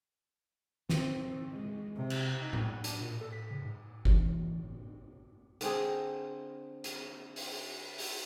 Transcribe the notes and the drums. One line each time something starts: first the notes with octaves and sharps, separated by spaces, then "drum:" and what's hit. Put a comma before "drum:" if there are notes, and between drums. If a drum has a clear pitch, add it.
C4, drum: snare
G#3
C3
drum: cymbal
D#4
G#2, drum: tom A2
F#5
D4, drum: hi-hat
A#2
A4
B6
C#3
G#2
E3, drum: kick G1
D3 C4 G#4, drum: hi-hat
drum: hi-hat
drum: open hi-hat
drum: open hi-hat